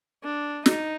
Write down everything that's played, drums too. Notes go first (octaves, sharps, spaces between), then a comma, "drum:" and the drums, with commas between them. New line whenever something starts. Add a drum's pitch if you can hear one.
D4
D#4, drum: snare